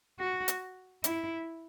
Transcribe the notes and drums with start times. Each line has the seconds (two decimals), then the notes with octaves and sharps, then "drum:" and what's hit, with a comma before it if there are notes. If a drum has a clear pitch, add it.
0.20 F#4
0.48 drum: hi-hat
1.04 E4, drum: hi-hat